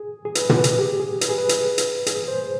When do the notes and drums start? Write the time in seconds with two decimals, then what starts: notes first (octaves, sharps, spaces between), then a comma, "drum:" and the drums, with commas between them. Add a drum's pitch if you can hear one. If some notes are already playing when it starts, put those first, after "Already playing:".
Already playing: G#4
0.25 G#4
0.35 B4, drum: hi-hat
0.50 B4, drum: tom
0.64 G#4, drum: hi-hat
0.79 G4
1.00 G#4
1.21 B4, drum: hi-hat
1.29 G#4
1.38 B4
1.49 drum: hi-hat
1.78 drum: hi-hat
2.07 G#4, drum: hi-hat
2.28 C5